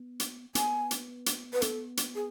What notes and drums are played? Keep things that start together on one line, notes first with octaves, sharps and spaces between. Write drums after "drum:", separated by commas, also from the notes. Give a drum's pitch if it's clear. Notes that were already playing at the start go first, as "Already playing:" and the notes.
Already playing: B3
drum: hi-hat
B3 G#5, drum: hi-hat
drum: hi-hat
drum: hi-hat
B4
B3 A4, drum: hi-hat
drum: hi-hat
G#4